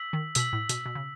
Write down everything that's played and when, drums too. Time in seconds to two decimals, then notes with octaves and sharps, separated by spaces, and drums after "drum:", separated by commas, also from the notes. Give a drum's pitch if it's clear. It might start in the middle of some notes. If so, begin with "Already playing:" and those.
Already playing: E6 B6 F#7
0.13 D#3
0.35 B2 E6 B6 F#7, drum: hi-hat
0.53 A2
0.69 B2, drum: hi-hat
0.86 B2
0.95 C#3